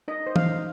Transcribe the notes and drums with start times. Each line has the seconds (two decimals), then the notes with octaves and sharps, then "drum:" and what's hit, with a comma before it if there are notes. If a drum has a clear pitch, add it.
0.08 D#4 D#5
0.26 C5
0.36 F5, drum: tom
0.46 D#4